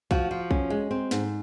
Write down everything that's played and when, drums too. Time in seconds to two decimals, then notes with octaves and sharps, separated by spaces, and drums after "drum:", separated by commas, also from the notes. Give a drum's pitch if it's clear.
0.11 F3 F#4, drum: kick B1
0.31 F3
0.51 C#4, drum: kick B1
0.70 G#3
0.91 C4
1.11 G#2, drum: snare